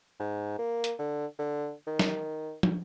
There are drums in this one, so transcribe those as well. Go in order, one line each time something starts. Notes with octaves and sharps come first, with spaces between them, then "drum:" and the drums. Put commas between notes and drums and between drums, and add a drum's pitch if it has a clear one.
G#2
A#3
drum: hi-hat
D3
D3
D#3
drum: snare
drum: tom